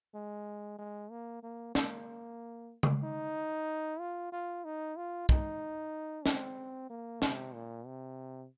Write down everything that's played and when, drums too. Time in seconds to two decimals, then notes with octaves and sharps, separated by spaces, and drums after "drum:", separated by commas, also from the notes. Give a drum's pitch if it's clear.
0.15 G#3
0.79 G#3
1.11 A#3
1.43 A#3
1.75 A#3, drum: snare
2.83 drum: tom C#3
3.04 D#4
4.00 F4
4.32 F4
4.65 D#4
4.97 F4
5.29 D#4, drum: kick
6.26 C4, drum: snare
6.90 A#3
7.22 C3, drum: snare
7.54 A#2
7.86 C3